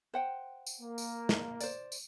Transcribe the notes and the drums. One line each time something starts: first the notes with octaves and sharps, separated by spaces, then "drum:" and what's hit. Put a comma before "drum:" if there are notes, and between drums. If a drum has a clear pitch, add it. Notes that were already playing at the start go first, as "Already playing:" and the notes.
C5 F#5 G5
drum: tambourine
A#3
drum: tambourine
drum: snare
C5 D5, drum: tambourine
drum: tambourine